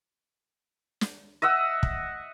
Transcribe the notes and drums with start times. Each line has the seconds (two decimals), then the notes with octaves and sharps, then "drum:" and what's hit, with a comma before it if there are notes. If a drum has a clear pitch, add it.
1.01 drum: snare
1.42 D#5 E5 F#5 E6
1.83 drum: kick